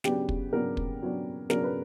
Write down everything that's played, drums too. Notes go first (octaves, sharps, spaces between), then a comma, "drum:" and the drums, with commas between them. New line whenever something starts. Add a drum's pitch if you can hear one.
C#3 F#3 B3 D4 G4, drum: snare
drum: kick
C#3 F#3 B3 D4 A#4
drum: kick
C#3 F#3 B3 D4
C#3 F#3 B3 D4 A#4, drum: snare
B4